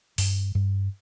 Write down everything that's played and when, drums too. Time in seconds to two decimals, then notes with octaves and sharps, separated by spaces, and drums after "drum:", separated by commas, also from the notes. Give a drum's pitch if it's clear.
0.18 G2, drum: open hi-hat
0.55 G2